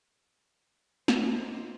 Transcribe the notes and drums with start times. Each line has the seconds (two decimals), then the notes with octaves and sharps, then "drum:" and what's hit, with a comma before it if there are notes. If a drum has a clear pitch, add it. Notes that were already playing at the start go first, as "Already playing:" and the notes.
1.08 D#3 E3 D#4 G4 C5, drum: snare